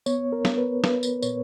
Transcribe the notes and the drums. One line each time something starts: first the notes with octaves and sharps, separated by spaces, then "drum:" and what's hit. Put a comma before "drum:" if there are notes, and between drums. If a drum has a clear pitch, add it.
B3 C#5, drum: tambourine
A#4
B3, drum: snare
B4
B3 B4, drum: snare
drum: tambourine
A#2 C#5, drum: tambourine